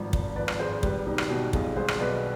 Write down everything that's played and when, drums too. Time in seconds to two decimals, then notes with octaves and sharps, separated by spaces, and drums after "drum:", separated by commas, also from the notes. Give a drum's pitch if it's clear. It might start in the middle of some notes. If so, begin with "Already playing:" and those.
Already playing: G#1 G2 F3
0.13 G#1, drum: kick
0.36 F3 B4 D5
0.48 drum: rim click
0.59 G#1 G#4 C5
0.83 G3 G4 B4, drum: kick
1.06 B1 D#4 G4
1.18 drum: rim click
1.29 B2 D#4 G4
1.53 B1 F4 G#4, drum: kick
1.76 G3 G#4 C5
1.88 drum: rim click
2.00 B1 B4 D5